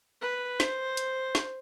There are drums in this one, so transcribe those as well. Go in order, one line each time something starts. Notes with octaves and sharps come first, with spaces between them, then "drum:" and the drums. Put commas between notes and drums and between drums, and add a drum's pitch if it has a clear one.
B4
C5, drum: snare
drum: hi-hat
drum: snare